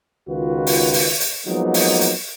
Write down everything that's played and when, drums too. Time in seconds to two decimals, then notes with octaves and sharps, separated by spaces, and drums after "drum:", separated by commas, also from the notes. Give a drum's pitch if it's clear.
0.28 C#2 D#3 F4 F#4 B4
0.67 drum: open hi-hat
0.93 drum: open hi-hat
1.20 drum: hi-hat
1.47 F3 F#3 G#3 A#3 B3 D#4
1.74 drum: open hi-hat
2.01 drum: hi-hat